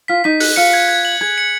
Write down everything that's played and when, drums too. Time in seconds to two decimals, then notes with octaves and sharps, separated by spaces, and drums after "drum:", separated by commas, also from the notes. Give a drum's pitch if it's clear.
0.08 F4 B6
0.24 D#4 B6
0.40 F#6, drum: open hi-hat
0.56 F4 C#7
0.73 G#6
0.88 G#6
1.05 F#7
1.21 G#4 G#6
1.38 C#7